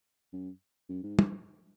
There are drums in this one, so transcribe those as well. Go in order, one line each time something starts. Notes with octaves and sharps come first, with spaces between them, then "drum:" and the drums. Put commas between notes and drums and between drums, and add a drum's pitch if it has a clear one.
F#2
F#2
G#2
drum: tom